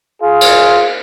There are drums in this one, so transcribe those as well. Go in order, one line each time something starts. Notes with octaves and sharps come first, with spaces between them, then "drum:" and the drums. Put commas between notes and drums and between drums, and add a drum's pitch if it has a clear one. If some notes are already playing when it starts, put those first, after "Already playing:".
F4 G#4
drum: cymbal